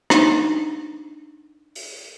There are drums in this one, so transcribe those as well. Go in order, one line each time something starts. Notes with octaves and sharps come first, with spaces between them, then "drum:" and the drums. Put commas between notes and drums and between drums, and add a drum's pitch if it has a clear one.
D4 D#4, drum: rim click
drum: open hi-hat